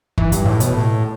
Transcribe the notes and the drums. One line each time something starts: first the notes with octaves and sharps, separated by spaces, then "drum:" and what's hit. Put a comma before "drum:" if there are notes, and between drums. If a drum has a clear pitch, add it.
E3, drum: kick
G2, drum: hi-hat
A2
B2, drum: hi-hat
A2